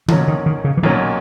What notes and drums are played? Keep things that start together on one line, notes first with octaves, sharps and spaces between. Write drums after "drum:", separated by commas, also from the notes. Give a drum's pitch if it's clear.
B1 A#2 E3 F#3 C#4, drum: tom C#3
D#3
D#3
C#3
E3
B1 A#2 D#3 F#3 C#4